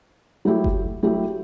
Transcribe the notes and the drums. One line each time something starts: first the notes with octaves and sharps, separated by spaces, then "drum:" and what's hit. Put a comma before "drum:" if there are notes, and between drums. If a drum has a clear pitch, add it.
F#3 A3 E4 G4
drum: kick F#1
F#3 A3 E4 G4